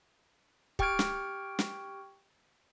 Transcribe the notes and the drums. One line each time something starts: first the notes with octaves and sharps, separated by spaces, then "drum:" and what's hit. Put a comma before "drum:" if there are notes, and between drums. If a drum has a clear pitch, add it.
G4 G5 C#6 F6 G#6 D7, drum: kick
drum: snare
drum: snare